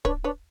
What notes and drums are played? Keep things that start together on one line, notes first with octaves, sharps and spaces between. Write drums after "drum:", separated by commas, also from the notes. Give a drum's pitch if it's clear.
D4 B4 C#5, drum: kick D1
D4 B4 C#5